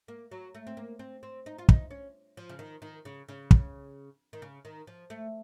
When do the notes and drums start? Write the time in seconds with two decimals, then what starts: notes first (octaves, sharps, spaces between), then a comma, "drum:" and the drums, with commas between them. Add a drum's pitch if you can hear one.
0.08 A#3
0.31 F#3
0.55 A3
0.67 C4
0.77 A#3
0.99 C4
1.23 C4
1.46 D#4
1.58 F4
1.69 D#4, drum: kick
1.91 C#4
2.37 F3
2.49 C#3
2.59 D#3
2.82 D#3
3.05 C#3
3.28 C#3
3.51 drum: kick
4.33 D#3
4.42 C#3
4.65 D#3
4.87 F3
5.10 A3